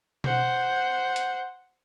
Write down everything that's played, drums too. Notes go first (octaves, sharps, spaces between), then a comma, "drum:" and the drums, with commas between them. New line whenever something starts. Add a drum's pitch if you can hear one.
C5 F#5, drum: tom B2
drum: hi-hat